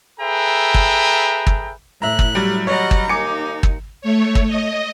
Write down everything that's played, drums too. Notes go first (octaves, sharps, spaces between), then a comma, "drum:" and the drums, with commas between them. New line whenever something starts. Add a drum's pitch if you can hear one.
G#4 A4 B4 E5 G5 A#5
drum: kick
drum: kick
A2 E4 E5 A#5 F#6
drum: kick
F#3 G3
C#5 D#5 F#5 A#5
drum: kick
D#2 D#4 G#5 D6 C#7
drum: kick
A3 C#5
drum: kick
D#5